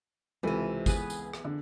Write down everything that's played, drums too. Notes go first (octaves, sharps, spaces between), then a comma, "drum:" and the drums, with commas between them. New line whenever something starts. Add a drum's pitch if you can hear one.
C#2 C3 E3 A4 D#7
B3 G#4 B4, drum: kick G1, tambourine
drum: tambourine
drum: rim click
D3